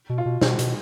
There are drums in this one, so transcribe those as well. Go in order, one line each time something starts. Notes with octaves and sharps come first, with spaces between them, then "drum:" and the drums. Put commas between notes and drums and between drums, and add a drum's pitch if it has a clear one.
B2
F4
B2
B2 C5, drum: snare
B2, drum: hi-hat